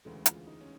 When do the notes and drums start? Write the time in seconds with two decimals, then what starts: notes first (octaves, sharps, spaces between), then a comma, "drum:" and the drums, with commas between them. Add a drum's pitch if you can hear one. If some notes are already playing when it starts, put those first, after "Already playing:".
0.05 E1 D2 C#3 E3 G#3
0.26 F4, drum: hi-hat
0.47 D#4
0.61 C#4